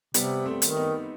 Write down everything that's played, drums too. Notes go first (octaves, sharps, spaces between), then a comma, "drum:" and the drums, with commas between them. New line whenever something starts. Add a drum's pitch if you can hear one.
C3 G3 B3, drum: hi-hat
A3 C4
D#3, drum: hi-hat
B3 D#4